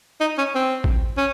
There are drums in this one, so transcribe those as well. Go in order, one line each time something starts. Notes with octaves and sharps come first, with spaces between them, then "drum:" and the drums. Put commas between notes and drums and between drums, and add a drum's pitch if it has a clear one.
D#4
C#4
C4
drum: kick A1
C#4